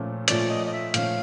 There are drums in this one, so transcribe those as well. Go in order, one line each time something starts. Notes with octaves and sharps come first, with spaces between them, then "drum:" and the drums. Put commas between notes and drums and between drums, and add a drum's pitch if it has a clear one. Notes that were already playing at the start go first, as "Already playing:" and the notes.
Already playing: A#2 F3 A3 C#4
A#2 F3 A3 C#4 D5, drum: hi-hat
D#5
D#5
E5
A#2 F3 A3 C#4 F5, drum: hi-hat